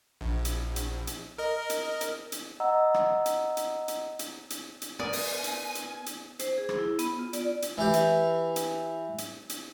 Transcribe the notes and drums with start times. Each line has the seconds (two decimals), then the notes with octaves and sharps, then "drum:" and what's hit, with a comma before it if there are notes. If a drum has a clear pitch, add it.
0.21 A#1
0.45 drum: hi-hat
0.76 drum: hi-hat
1.07 drum: hi-hat
1.38 A#4 D#5
1.70 drum: hi-hat
2.01 drum: hi-hat
2.32 drum: hi-hat
2.60 D#5 F#5 A#5 E6
2.94 drum: rim click
3.26 drum: hi-hat
3.57 drum: hi-hat
3.88 drum: hi-hat
4.19 drum: hi-hat
4.50 drum: hi-hat
4.82 drum: hi-hat
5.00 B3 A#4 D5 G#5 D#6
5.13 drum: open hi-hat
5.44 drum: hi-hat
5.75 drum: hi-hat
6.06 drum: hi-hat
6.39 C5, drum: hi-hat
6.58 G#4
6.69 drum: rim click
6.79 E4
6.99 B3, drum: hi-hat
7.19 F4
7.33 D5, drum: hi-hat
7.62 drum: hi-hat
7.78 E3 G4
7.94 drum: hi-hat
8.56 drum: hi-hat
9.18 drum: hi-hat
9.50 drum: hi-hat